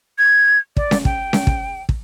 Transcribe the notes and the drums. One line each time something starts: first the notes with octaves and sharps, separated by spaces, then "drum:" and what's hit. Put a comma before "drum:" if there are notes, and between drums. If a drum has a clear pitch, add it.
G#6
D5, drum: kick
drum: snare C#4
G5, drum: kick
drum: snare C#4
drum: kick
drum: kick